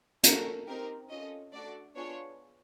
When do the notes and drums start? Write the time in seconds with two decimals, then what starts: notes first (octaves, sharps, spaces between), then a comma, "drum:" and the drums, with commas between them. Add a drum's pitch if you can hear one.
0.23 A#3 C#4 F#4 A4 A#4, drum: hi-hat
0.67 C4 D#4 G4 A#4
1.09 C#4 F4 A4 D#5
1.52 A3 D4 F#4 A4 D5
1.95 B3 D4 F4 G#4 C#5